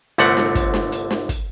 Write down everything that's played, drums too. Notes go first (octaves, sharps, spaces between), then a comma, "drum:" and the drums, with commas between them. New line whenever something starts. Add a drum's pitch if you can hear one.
G1 C2 D3 A3 C4 F#5, drum: hi-hat
drum: snare
drum: kick, hi-hat
drum: snare
drum: hi-hat
drum: snare
drum: kick, hi-hat